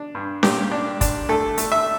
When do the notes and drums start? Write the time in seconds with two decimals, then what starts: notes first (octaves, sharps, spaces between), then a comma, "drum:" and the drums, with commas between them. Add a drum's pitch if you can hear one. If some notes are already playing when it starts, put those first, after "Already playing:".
Already playing: D4
0.15 G2
0.43 A#2 G4, drum: snare C#4
0.71 D4
1.01 D4, drum: kick, hi-hat
1.29 A3 A4
1.58 A3, drum: hi-hat
1.72 E5